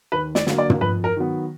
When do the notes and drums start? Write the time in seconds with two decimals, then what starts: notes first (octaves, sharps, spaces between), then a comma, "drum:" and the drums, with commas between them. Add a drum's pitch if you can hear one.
0.12 D#2 B4
0.35 D5, drum: snare
0.47 D3 F#3 A#3, drum: snare
0.58 D5
0.70 drum: tom
0.81 F2 B4
1.04 A#4
1.16 D#3 F#3 B3